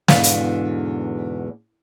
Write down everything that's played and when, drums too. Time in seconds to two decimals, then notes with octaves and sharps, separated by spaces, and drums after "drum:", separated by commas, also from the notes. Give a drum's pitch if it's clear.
0.08 E2 G#2 B2 D3 B4 F5, drum: snare
0.23 drum: hi-hat